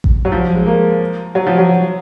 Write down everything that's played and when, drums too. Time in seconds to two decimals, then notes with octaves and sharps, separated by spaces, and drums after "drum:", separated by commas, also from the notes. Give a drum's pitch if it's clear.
0.04 drum: kick A1
0.25 F#3
0.32 F3
0.55 G#3
0.67 A#3
1.35 F#3
1.46 F3
1.58 F#3